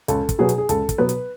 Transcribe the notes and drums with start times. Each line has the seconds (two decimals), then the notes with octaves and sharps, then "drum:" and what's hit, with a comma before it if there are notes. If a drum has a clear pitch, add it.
0.08 C#2 A4, drum: hi-hat
0.29 drum: kick, hi-hat
0.39 B2 F#3 B3 G#4
0.49 drum: hi-hat
0.58 G#4
0.69 C#2 A4, drum: hi-hat
0.89 drum: kick, hi-hat
0.98 B2 F#3 B3 B4
1.09 drum: hi-hat